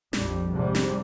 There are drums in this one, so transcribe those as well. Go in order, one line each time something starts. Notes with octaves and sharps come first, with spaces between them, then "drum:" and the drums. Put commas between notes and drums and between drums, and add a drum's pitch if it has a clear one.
A#1 F2 G3, drum: snare
G#2 C3 G3
drum: snare